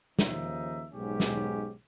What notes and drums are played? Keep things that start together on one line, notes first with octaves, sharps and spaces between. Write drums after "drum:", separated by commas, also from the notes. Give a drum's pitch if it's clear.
D#2 C#3 F3 D#4 E5, drum: snare
B1 G#2 G#3 C#4 G4
drum: snare